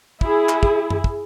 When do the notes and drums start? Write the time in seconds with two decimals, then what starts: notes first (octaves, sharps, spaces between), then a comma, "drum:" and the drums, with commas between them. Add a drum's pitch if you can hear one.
0.21 E4 G#4, drum: kick
0.49 drum: clap
0.63 drum: kick
0.90 drum: tom F#2
1.04 drum: kick